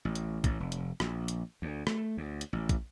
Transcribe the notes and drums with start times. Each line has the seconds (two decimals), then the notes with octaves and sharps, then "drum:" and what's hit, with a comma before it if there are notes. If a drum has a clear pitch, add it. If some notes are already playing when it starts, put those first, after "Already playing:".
0.05 A1
0.15 drum: hi-hat
0.44 A1, drum: kick, hi-hat
0.60 F1
0.72 drum: hi-hat
1.00 A#1, drum: rim click
1.28 drum: hi-hat
1.62 D2
1.87 A3, drum: rim click
2.17 D2
2.41 drum: hi-hat
2.53 A1
2.69 drum: kick, hi-hat